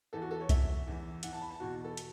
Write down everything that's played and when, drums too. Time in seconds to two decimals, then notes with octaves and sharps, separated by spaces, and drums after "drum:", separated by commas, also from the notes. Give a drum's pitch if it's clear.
0.13 E2 E3 A4
0.22 F#4
0.31 A4
0.40 C#5
0.49 E2 E3 E5, drum: kick C2, hi-hat
0.87 E2 E3
1.23 E2 E3 F#5, drum: hi-hat
1.33 A5
1.41 B5
1.51 A5
1.60 E2 B2 F#4
1.85 A4
1.97 drum: hi-hat